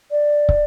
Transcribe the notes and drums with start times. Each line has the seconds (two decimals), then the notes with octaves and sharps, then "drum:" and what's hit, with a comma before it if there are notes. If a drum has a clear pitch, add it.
0.11 D5
0.49 drum: kick